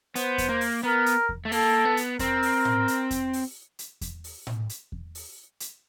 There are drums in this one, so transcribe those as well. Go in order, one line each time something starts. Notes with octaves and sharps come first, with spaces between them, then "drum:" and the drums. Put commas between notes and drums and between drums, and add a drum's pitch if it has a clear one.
B3 C5, drum: hi-hat
drum: kick E2, hi-hat
A#3
drum: open hi-hat
B3 A#4
drum: hi-hat
drum: kick E2
A3
A#3 A4, drum: open hi-hat
B3
drum: hi-hat
C4 A#4, drum: kick E2, hi-hat
drum: open hi-hat
drum: tom A2
drum: hi-hat
drum: kick E2, hi-hat
drum: open hi-hat
drum: hi-hat
drum: kick E2, hi-hat
drum: open hi-hat
drum: tom A2
drum: hi-hat
drum: kick E2
drum: open hi-hat
drum: hi-hat